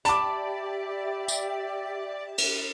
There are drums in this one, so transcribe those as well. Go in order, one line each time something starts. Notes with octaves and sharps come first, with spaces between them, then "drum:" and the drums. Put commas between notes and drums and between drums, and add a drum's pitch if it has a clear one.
G4 D5 E5 A5 B5 D6, drum: hi-hat
drum: tambourine
drum: cymbal